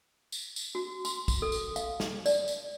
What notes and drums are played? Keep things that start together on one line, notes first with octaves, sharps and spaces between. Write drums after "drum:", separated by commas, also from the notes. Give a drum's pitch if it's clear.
drum: tambourine
drum: tambourine
F#4
C6, drum: tambourine
drum: kick, tambourine
A4
drum: tambourine
F5, drum: tambourine
drum: snare
D5, drum: tambourine
drum: tambourine